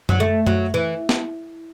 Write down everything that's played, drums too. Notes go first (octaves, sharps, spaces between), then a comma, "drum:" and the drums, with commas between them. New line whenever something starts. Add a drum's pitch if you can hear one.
F#3, drum: tom F#2
A3
F#3, drum: tom F#2
E3
drum: snare